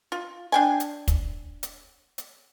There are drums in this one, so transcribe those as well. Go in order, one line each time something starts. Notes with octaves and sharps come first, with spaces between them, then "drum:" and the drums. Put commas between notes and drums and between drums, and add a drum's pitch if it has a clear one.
F4
D4 G5 G#5
drum: hi-hat
drum: kick, hi-hat
drum: hi-hat
drum: hi-hat